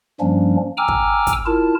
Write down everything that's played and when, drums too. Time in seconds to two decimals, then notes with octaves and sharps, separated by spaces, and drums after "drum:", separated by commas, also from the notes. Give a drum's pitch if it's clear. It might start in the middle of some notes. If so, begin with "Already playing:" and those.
0.20 G2 F3 G3 A#3 C#4 D4
0.77 G5 G#5 A#5 D6 E6 F6
0.88 drum: kick
1.27 drum: kick, hi-hat
1.46 E4 F4 A#4 A5